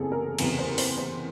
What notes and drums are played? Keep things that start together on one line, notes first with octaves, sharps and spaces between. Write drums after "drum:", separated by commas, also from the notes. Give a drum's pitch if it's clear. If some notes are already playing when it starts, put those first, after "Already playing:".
Already playing: F#1 E2 C3 G#4 A4
A#4
F#1 E2 C3 B4, drum: cymbal
C5
C5, drum: open hi-hat
C5